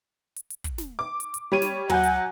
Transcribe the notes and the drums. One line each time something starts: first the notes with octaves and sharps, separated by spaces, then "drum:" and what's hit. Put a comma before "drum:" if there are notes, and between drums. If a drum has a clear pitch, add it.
drum: hi-hat
drum: hi-hat
drum: kick, hi-hat
drum: snare
D6
drum: hi-hat
drum: hi-hat
G3 C#5 D#7
drum: snare
F#3 F#5 G#5 G6, drum: tom
drum: hi-hat